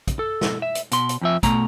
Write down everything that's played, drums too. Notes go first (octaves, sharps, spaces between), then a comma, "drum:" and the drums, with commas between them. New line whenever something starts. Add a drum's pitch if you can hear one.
drum: kick, hi-hat
A4
drum: snare
E5
drum: hi-hat
B2 C6, drum: hi-hat
drum: hi-hat
F2 F3 E5
B2 A3 A#5, drum: kick, hi-hat